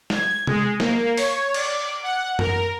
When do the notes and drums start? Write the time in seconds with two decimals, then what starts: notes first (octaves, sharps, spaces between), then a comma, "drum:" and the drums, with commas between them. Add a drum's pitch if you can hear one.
0.10 G#6, drum: snare
0.47 G#3, drum: tom C3
0.80 A#3, drum: snare
1.17 C#5, drum: open hi-hat
1.54 D5, drum: cymbal
2.03 F#5
2.39 A#4, drum: tom F#2